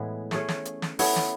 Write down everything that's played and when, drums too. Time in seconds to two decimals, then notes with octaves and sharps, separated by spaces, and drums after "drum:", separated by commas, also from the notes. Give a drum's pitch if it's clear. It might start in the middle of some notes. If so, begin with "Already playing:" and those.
Already playing: A2 E3 G#3 B3
0.31 A3 C#4 G#4 C#5, drum: snare
0.49 drum: snare
0.65 drum: hi-hat
0.82 drum: snare
0.99 B3 E4 A4 C#5, drum: open hi-hat
1.16 drum: snare